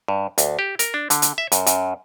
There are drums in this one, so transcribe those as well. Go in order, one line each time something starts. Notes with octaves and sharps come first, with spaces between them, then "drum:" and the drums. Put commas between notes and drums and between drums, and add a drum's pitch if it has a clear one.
G2
D2, drum: hi-hat
G4
A#4, drum: hi-hat
D4
D3, drum: hi-hat
drum: hi-hat
E5
F#2, drum: hi-hat
F#2, drum: hi-hat